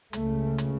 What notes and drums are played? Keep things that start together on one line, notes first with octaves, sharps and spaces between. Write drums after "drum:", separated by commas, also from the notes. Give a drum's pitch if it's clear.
C#2 C#3 A3, drum: hi-hat
drum: hi-hat